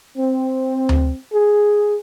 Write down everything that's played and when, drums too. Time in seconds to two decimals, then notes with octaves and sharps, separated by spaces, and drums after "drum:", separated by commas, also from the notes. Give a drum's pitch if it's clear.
0.16 C4
0.89 drum: tom D2
1.33 G#4